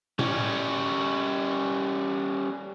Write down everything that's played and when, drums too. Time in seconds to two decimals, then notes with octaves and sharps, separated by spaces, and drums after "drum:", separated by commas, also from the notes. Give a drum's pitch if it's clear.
0.19 G3 C#4, drum: tom A2